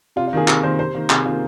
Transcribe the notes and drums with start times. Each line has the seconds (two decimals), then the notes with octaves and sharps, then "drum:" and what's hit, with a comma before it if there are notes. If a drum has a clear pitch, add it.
0.16 C3 F4
0.27 F4
0.33 D#3 A#3 G#4
0.48 C3 A#4, drum: clap
0.63 D#3 A#3 C5
0.79 C3 C5
0.95 D#3 A#3
1.10 C3 G#4, drum: clap
1.26 D#3 A#3 F4